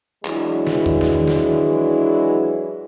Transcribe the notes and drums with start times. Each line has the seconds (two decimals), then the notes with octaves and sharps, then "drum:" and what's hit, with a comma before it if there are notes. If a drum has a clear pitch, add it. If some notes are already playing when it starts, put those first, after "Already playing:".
0.25 E3 F#3 G#3 D4 E4, drum: clap
0.67 drum: snare D#3
0.86 drum: tom E2
1.01 drum: snare D#3
1.27 drum: snare D#3